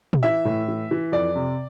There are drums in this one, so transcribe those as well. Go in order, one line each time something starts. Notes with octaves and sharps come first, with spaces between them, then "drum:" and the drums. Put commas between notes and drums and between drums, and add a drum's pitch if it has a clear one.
drum: tom
E3 E5
A2
E3
E3
F2 D5
C3